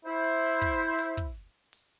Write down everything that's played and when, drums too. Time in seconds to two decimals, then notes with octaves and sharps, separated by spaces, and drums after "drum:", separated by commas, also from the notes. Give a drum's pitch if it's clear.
0.06 E4 C5
0.24 drum: open hi-hat
0.62 drum: kick, open hi-hat
0.99 drum: hi-hat
1.17 drum: kick
1.73 drum: open hi-hat